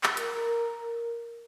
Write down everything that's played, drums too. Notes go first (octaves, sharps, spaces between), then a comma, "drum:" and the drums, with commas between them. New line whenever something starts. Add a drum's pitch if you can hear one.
drum: clap
A#4, drum: hi-hat